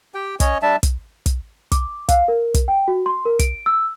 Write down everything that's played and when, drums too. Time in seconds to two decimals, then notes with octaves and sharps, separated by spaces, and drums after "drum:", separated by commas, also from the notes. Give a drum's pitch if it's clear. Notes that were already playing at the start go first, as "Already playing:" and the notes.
0.14 G4 G5
0.40 C#4 C#5 D#5, drum: kick, hi-hat
0.62 G3 D4 E5 A5
0.83 drum: kick, hi-hat
1.26 drum: kick, hi-hat
1.72 D6, drum: kick, hi-hat
2.09 F5, drum: kick, hi-hat
2.28 A#4
2.54 drum: kick, hi-hat
2.68 G5
2.88 F#4
3.06 C6
3.25 A#4
3.39 D7, drum: kick, hi-hat
3.66 E6